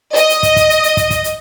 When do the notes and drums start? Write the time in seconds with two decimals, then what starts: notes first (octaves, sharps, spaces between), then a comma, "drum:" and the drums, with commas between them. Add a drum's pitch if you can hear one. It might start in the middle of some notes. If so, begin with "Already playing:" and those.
0.16 D#5, drum: hi-hat
0.29 drum: hi-hat
0.43 drum: kick, hi-hat
0.56 drum: kick, hi-hat
0.70 drum: hi-hat
0.83 drum: hi-hat
0.97 drum: kick, hi-hat
1.10 drum: kick, hi-hat
1.24 drum: hi-hat